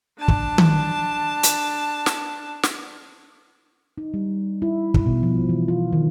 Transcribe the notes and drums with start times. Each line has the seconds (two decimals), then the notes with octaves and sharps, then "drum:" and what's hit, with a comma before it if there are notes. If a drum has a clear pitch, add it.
0.19 D4 A5
0.28 drum: kick
0.58 drum: tom D#3
1.43 drum: hi-hat
2.06 drum: snare
2.63 drum: snare
3.98 D#4
4.14 G3
4.62 E4
4.94 drum: kick
5.06 B2
5.23 F3
5.49 E3
5.68 F4
5.93 D#3